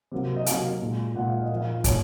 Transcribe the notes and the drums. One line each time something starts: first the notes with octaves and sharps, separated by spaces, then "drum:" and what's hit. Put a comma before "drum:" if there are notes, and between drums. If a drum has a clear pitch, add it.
C3 F#3 A#3
D#5
C3 F#3 A#3 F5, drum: hi-hat
A#2 G#3
A#2 G#3 F#5
F5
D#5
A#2 F3 A#3
F5
A#2 F3 A#3 C#5, drum: kick, hi-hat